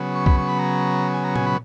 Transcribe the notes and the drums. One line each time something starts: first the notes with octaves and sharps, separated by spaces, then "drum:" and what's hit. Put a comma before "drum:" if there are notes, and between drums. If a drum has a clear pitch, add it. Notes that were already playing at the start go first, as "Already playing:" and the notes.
Already playing: C#3 F#3 B3
C#6
B5, drum: kick
C#6
B5
A#5
G#5
A#5
G#5, drum: tom A#2
B5